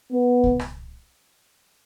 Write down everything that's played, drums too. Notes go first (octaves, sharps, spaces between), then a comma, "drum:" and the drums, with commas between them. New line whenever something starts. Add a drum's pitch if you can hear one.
B3
drum: kick C2
drum: rim click